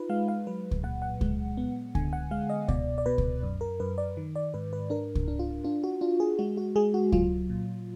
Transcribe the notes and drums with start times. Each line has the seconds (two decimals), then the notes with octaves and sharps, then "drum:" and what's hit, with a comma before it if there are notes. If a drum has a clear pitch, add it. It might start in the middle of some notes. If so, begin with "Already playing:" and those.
Already playing: D#4 F4 B4
0.09 G#3 F5
0.28 F5
0.47 F#3 B4
0.71 drum: kick C#2
0.83 A#2 F#5
1.02 F#5
1.21 G#3, drum: kick C#2
1.57 B3
1.95 D3 G#5, drum: kick C#2
2.13 F#5
2.31 G#3 F5
2.50 D#5
2.68 B2 D5, drum: kick C#2
2.98 D5
3.06 B2 B4
3.18 drum: kick C#2
3.43 F#2
3.61 A#4
3.80 F#2 B4
3.98 D5
4.17 D#3
4.36 D5
4.54 G#2 B4
4.73 B4
4.90 D4 A#4
5.15 drum: kick C#2
5.28 D4
5.39 F4
5.64 D4 F4
5.84 F#4
6.01 D4 F4
6.20 G#4
6.39 G#3 F#4
6.57 F#4
6.76 G#3 G#4
6.94 F#4
7.12 F#3 F4, drum: kick C#2
7.50 A#2